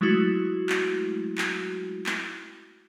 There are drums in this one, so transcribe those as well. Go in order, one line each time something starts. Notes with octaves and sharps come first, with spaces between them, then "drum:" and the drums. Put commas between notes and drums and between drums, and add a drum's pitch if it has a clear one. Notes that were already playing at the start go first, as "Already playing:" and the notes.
F#3 G#3 A3 E4 F#4
drum: clap
drum: clap
drum: clap